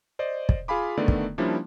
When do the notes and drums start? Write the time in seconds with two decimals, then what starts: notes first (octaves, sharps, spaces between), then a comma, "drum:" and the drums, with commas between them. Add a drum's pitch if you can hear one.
0.19 C5 D5 D#5
0.49 drum: kick
0.68 F4 G#4 F5 G#5 B5 D6
0.97 D3 D#3 A3 B3 D5
1.08 drum: kick
1.38 F3 G3 A#3 C#4 D4 E4